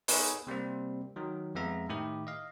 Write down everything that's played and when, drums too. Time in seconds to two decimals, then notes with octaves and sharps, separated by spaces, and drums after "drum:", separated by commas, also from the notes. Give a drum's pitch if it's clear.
0.08 B3 D#4 G#4 A4 B4 C#5, drum: open hi-hat
0.47 C3 G3 A#3 C4
1.16 D#3 F#3
1.55 F2 G#3 B3 E5 A#5
1.89 A2 D#3 E4 G4
2.27 D#5 F5